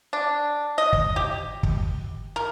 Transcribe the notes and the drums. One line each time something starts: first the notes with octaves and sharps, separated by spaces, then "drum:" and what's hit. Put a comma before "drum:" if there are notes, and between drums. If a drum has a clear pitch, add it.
D4
D#5
drum: kick
G4
drum: kick
A#4